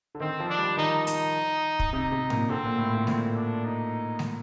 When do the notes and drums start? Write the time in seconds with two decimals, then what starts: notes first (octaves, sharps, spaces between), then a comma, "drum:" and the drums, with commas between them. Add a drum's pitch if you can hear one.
0.15 D3
0.20 D#3 C4
0.40 F3
0.49 D4
0.58 G3
0.77 D#3 D#4
1.07 D#4, drum: hi-hat
1.79 drum: kick
1.93 C3 D#4
2.12 C3
2.30 A#2, drum: tom G#2
2.50 D3 C4
2.65 A#2
2.78 A2
2.93 A2
3.07 A#2 C4, drum: snare G#3
3.36 D4
3.65 D#4
4.19 drum: snare G#3